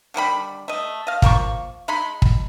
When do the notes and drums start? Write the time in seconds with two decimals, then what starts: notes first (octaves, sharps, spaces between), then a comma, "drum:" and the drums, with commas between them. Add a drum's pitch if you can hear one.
0.14 D3 D#3 G3 B5
0.68 A3 D#5
1.07 D#5 F5
1.22 F3 A#3 C6 C#6, drum: kick
1.88 G#3 D#4 B5 C6
2.22 drum: kick